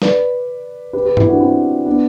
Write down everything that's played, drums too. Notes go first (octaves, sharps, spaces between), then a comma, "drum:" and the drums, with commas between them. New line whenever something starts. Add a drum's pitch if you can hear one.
B4 D5, drum: snare
G4 B4
G4 B4
E4 G4, drum: tom G2
D4 F#4
C4 E4
B3 D4